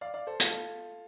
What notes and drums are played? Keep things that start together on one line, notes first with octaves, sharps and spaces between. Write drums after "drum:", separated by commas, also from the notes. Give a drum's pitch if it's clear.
D5 F5
D5 F5
A4 C5
F4 A4, drum: hi-hat